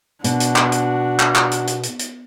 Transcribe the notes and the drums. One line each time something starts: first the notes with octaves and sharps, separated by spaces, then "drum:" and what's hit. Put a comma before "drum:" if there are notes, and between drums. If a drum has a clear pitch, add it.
B2 D4 F#4, drum: hi-hat
drum: hi-hat
drum: clap
drum: hi-hat
drum: clap
drum: clap
drum: hi-hat
drum: hi-hat
drum: hi-hat
drum: hi-hat